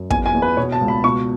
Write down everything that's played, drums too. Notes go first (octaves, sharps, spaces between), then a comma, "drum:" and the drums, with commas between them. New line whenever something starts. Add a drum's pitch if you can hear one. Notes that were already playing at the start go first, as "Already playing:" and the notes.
Already playing: F#2
E2 G#5, drum: kick
G#5
E2
B4
B2 C#5
A5
C#2
B5
B2 C#6